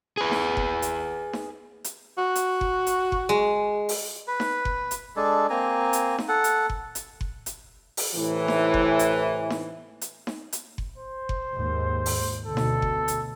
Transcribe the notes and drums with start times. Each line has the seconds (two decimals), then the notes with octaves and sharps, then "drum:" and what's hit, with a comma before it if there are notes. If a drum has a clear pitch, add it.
0.17 G#4 B4
0.31 drum: snare D#4
0.57 drum: kick F#1
0.82 drum: hi-hat
1.33 drum: snare D#4
1.84 drum: hi-hat
2.18 F#4
2.35 drum: hi-hat
2.61 drum: kick F#1
2.87 drum: hi-hat
3.12 drum: kick F#1
3.29 G#3
3.89 drum: open hi-hat
4.28 B4
4.40 drum: snare D#4
4.65 drum: kick F#1
4.91 drum: hi-hat
5.16 G#3 D4 A4
5.50 A#3 C4 G#5 A#5
5.93 drum: hi-hat
6.18 drum: snare D#4
6.28 A4 F#5
6.44 drum: hi-hat
6.70 drum: kick F#1
6.95 drum: hi-hat
7.21 drum: kick F#1
7.46 drum: hi-hat
7.97 drum: open hi-hat
8.14 A2 C3 E3
8.48 drum: snare D#4
8.74 drum: kick F#1
8.99 drum: hi-hat
9.50 drum: snare D#4
10.01 drum: hi-hat
10.27 drum: snare D#4
10.52 drum: hi-hat
10.78 drum: kick F#1
10.98 C5
11.29 drum: kick F#1
11.51 D#2 G#2
12.06 drum: open hi-hat
12.46 D2 B2 A4
12.57 drum: snare D#4
12.82 drum: kick F#1
13.08 drum: hi-hat